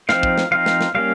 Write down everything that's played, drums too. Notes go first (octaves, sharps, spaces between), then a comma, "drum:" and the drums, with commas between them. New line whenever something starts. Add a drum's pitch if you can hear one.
F3 C4 D#4 F5, drum: snare
drum: kick
drum: snare
F3 C4 D#4 F5
drum: snare
drum: snare
G3 A#3 C#4 F5